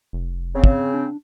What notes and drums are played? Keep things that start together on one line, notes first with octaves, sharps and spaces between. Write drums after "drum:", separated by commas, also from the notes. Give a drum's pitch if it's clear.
F1
C#3 C4
drum: kick
D4